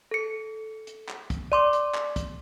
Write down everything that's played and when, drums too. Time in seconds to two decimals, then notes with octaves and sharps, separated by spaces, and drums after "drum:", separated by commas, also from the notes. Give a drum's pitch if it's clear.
0.11 A4 C#7
0.87 drum: hi-hat
1.09 drum: clap
1.30 drum: kick, hi-hat
1.52 D5 C6 D6
1.73 drum: hi-hat
1.95 drum: clap
2.16 drum: kick, hi-hat